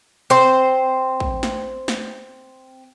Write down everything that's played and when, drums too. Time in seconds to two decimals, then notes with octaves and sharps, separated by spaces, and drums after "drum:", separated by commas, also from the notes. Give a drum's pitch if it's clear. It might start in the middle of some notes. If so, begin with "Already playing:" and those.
0.30 C4 C5
1.20 drum: kick
1.43 drum: snare
1.88 drum: snare